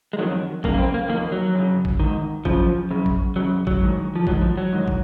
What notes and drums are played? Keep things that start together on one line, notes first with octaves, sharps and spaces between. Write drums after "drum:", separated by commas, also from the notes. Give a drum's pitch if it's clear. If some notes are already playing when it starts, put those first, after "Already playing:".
G#3
F2 D#3 F#3
F#2 C#3 A#3, drum: kick
A#3
C4
A#3
F2 D#3 A#3
F#3
F#2 C#3
drum: kick
G#2 D#3
F#2 C#3 F3, drum: kick
F#2 C#3
drum: kick
F#2 C#3 F#3
F#3, drum: kick
G#2 D#3
F3
G#2 D#3 F#3, drum: kick
F3
F#3
G#2 D#3
drum: kick